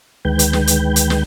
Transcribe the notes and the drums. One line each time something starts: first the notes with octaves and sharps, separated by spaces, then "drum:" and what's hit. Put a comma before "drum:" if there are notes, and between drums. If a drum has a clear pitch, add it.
D2 D#3 G#3 B4 G5 G6
drum: hi-hat
drum: snare
drum: hi-hat
drum: hi-hat
drum: snare